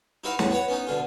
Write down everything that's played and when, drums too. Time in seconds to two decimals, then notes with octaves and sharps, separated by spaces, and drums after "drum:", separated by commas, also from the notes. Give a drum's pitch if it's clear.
0.24 D#4 E4 F#4 B4 F5
0.39 E2 A2 F#5, drum: snare
0.51 F#4 B4 C#5 F#5
0.68 B3 C#4 D#4
0.87 B2 D3 F4